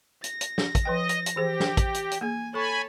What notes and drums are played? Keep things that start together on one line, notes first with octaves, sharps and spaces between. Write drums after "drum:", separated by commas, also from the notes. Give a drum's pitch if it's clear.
A#6, drum: hi-hat
drum: hi-hat
drum: snare
drum: kick, hi-hat
F3 B4 D#5 G5
drum: hi-hat
drum: hi-hat
E3 G4 G#4 C5
drum: snare
drum: kick, hi-hat
drum: hi-hat
drum: hi-hat
A#3 G#4 G#5
A4 C#5 G#5 A5 B5 C#6